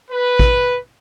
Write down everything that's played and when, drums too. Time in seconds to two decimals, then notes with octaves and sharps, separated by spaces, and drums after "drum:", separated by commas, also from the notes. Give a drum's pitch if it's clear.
0.11 B4
0.39 drum: kick A1